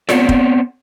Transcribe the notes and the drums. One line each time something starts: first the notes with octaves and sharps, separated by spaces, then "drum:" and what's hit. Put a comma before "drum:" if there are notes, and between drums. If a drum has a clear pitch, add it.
B3 C4 C#5 D5, drum: snare F4
drum: kick